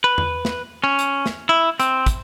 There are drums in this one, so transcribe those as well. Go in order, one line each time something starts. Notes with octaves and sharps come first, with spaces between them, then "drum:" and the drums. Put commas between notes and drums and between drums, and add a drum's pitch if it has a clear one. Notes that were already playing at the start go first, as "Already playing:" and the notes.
B4
drum: tom E2
drum: snare
C#4
drum: hi-hat
drum: snare
E4
C4, drum: hi-hat
drum: kick, hi-hat